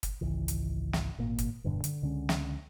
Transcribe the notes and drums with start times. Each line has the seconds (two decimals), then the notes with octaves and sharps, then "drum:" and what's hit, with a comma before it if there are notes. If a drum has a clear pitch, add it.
0.03 drum: kick, hi-hat
0.21 G#1 C#2 E3
0.48 drum: hi-hat
0.93 drum: snare
1.18 G#1 A#2 A#3
1.38 drum: kick, hi-hat
1.64 E1 G2 D3 D4
1.84 D3, drum: hi-hat
2.02 C#2 D3 G#3 C#4
2.29 drum: snare